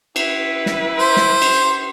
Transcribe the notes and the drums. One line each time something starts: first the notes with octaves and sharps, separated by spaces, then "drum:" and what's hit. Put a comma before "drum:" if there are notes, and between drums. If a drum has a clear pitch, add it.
E4 B4, drum: cymbal
drum: snare
C5
drum: snare
drum: cymbal